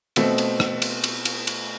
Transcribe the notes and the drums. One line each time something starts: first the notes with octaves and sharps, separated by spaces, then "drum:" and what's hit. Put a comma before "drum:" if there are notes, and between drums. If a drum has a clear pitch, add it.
B2 A3 C4, drum: cymbal
drum: cymbal
drum: rim click
drum: cymbal
drum: cymbal
drum: cymbal
drum: cymbal